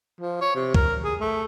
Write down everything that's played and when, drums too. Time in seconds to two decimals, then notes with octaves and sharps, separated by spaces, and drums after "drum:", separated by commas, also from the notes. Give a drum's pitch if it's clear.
0.21 F3
0.41 C#5
0.55 C3
0.74 A#4, drum: kick
1.04 G#4
1.20 A3